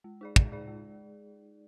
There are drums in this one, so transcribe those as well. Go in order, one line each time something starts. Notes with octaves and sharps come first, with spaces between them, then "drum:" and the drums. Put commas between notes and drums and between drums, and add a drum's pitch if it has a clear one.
G#3
D#4 G#4 D5
G#3, drum: kick
D#4 G#4 D5
G#3